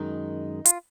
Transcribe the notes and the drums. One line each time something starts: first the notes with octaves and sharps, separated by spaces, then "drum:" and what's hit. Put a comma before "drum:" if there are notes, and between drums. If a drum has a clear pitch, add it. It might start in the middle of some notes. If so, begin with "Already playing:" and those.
Already playing: F#2 D#3 G#3 D#4
F4, drum: hi-hat